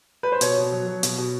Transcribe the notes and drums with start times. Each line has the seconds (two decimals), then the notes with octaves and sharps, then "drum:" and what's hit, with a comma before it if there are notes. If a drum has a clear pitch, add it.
0.23 B4
0.32 C5
0.41 B2 C#5, drum: hi-hat
0.57 B2
0.72 F#3
0.87 F#3
1.03 B2, drum: hi-hat
1.18 B2